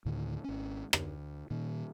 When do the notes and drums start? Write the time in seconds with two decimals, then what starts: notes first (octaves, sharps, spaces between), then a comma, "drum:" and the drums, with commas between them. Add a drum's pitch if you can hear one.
0.05 D2 A2 D3 D#3
0.44 G#1 C#4
0.93 D2, drum: rim click
1.51 A#2 D#3